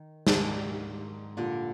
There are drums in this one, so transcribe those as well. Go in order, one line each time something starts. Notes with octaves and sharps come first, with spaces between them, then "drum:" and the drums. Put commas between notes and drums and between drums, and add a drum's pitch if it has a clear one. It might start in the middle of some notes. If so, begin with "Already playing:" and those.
Already playing: D#3
G#2 D#3 A#3 D4, drum: snare
A#2 D3 G3 D4